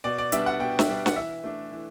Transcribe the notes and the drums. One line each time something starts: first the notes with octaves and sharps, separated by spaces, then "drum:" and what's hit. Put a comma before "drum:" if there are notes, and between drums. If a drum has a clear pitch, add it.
B2 D5
D5
G3 B3 D4 E5, drum: hi-hat
F#5
B2 G5
E5, drum: snare
G3 B3 D4
F#5, drum: snare
E3 E5
A3 D4
E3